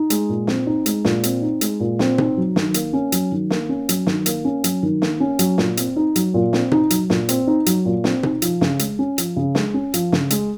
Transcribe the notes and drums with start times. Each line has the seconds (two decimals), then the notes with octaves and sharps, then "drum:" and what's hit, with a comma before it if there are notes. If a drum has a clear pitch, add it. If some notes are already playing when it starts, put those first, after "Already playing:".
Already playing: D#4
0.10 G#3, drum: hi-hat
0.29 A#2
0.47 C4, drum: snare
0.67 D#4
0.86 G#3, drum: hi-hat
1.05 A#2, drum: snare
1.23 C4, drum: hi-hat
1.42 D#4
1.61 G#3, drum: hi-hat
1.80 A#2
1.99 C4, drum: snare
2.18 D#4, drum: tom B2
2.37 F#3
2.56 D#3, drum: snare
2.74 A#3, drum: hi-hat
2.93 C#4
3.12 F#3, drum: hi-hat
3.32 D#3
3.50 A#3, drum: snare
3.69 C#4
3.89 F#3, drum: hi-hat
4.07 D#3, drum: snare
4.26 A#3, drum: hi-hat
4.45 C#4
4.64 F#3, drum: hi-hat
4.83 D#3
5.02 A#3, drum: snare
5.20 C#4
5.39 F#3, drum: hi-hat
5.58 A#2, drum: snare
5.77 C4, drum: hi-hat
5.96 D#4
6.16 F#3, drum: hi-hat
6.34 A#2
6.53 C4, drum: snare
6.71 D#4, drum: tom B2
6.90 F#3, drum: hi-hat
7.10 A#2, drum: snare
7.29 C4, drum: hi-hat
7.47 D#4
7.66 F#3, drum: hi-hat
7.85 A#2
8.04 C4, drum: snare
8.23 D#4, drum: tom B2
8.42 F3, drum: hi-hat
8.61 C#3, drum: snare
8.79 G#3, drum: hi-hat
8.99 C#4
9.18 F3, drum: hi-hat
9.36 C#3
9.55 G#3, drum: snare
9.74 C#4
9.94 F3, drum: hi-hat
10.12 C#3, drum: snare
10.30 G#3, drum: hi-hat